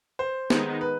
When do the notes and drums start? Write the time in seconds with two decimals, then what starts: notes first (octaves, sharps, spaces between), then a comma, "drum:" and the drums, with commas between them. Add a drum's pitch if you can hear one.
0.19 C5
0.50 D#3 G#3 B3 D#4, drum: snare
0.81 B4